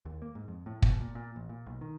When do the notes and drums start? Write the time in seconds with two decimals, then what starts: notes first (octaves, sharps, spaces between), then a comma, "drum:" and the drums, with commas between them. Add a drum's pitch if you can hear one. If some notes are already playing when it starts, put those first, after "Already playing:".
0.05 D#2
0.22 A#3
0.35 G#2
0.48 F2
0.66 A2
0.82 B2, drum: kick
1.01 A#2
1.15 A#2
1.36 A1
1.49 A#2
1.66 B1
1.81 D#3